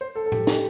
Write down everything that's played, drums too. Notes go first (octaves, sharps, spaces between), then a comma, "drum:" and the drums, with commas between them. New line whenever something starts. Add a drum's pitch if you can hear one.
C5
A4
A4
G4, drum: tom A2
G4, drum: snare